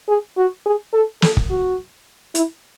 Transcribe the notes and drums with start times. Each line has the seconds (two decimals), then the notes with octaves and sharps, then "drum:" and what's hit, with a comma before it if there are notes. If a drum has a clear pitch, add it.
0.08 G#4
0.37 F#4
0.66 G#4
0.93 A4
1.22 A4, drum: snare
1.37 drum: kick
1.50 F#4
2.35 E4, drum: hi-hat